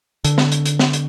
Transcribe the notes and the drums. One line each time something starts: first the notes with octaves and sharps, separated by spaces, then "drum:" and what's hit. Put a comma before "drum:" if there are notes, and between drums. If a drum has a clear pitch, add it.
D3, drum: hi-hat
drum: snare
drum: hi-hat
drum: hi-hat
drum: snare
drum: hi-hat